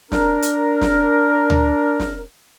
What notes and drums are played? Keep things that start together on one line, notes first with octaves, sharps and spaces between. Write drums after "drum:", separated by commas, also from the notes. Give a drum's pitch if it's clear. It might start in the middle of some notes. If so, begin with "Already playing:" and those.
D4 A#4, drum: snare
drum: hi-hat
drum: snare
drum: tom D2
drum: snare